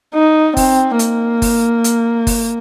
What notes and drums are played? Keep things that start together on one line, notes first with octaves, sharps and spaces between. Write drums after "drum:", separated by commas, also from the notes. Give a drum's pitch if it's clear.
D#4
C4, drum: kick, open hi-hat
A#3, drum: hi-hat
drum: kick, open hi-hat
drum: hi-hat
drum: kick, open hi-hat